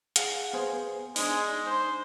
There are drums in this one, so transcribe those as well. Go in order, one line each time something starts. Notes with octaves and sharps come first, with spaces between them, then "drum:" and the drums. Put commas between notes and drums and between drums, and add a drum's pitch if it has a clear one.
G#4 F5 F#5, drum: hi-hat
B3 G#4 C5
G#3 D4 D#4, drum: open hi-hat
C5